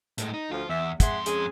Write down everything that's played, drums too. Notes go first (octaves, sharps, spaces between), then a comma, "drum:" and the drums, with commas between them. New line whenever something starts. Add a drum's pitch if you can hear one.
A2 G#3, drum: hi-hat
D#4
D2 F3 F4
E2 E5
F2 G#3 E5 F#5 C6, drum: kick, hi-hat
G#3 C#4 G#4, drum: hi-hat